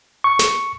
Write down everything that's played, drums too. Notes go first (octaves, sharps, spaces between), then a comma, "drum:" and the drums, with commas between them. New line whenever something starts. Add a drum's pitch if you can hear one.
C#6
drum: snare